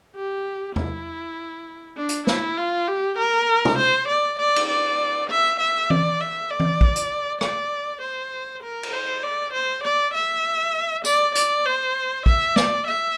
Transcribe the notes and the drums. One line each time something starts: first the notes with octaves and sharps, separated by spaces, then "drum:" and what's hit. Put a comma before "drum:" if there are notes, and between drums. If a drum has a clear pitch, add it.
G4
E4, drum: tom E2
D4
drum: hi-hat
E4, drum: snare
F4
G4
A#4
drum: tom
C5
D5
D5
drum: cymbal
D5
E5
E5
D5, drum: tom E3
E5
D5
drum: tom E3
drum: kick
drum: hi-hat
D5, drum: rim click
C5
A#4
drum: cymbal
C5
D5
C5
D5
E5
D5, drum: tambourine
D5, drum: hi-hat
C5
E5, drum: kick
D5, drum: snare
E5